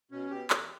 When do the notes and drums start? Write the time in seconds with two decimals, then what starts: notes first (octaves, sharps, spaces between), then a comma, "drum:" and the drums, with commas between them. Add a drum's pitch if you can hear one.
0.11 B2 C#4
0.31 B2 G4
0.50 E2, drum: clap